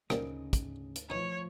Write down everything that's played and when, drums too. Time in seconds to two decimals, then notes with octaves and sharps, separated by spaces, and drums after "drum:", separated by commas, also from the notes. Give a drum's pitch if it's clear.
0.10 D2 C#3 F3 G3 A#3 D#4, drum: rim click
0.53 drum: kick, hi-hat
0.96 drum: hi-hat
1.10 E3 F3 A3 D#4 C#5